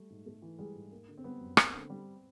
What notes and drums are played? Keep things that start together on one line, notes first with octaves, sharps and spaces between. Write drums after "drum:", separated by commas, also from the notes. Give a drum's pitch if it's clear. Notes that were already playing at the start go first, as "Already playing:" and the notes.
Already playing: G3 A3
G#2
G#2 A3
E3
G3 G#3
G#2
A#3
D3
C4
G3 B3
F#2
A#3 C4, drum: rim click
D3
G3